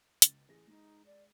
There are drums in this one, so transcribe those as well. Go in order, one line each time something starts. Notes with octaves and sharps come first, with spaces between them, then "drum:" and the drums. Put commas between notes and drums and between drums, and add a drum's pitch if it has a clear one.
C#2 A6, drum: hi-hat
A1 G#4 A#6
G#3 D#4
D5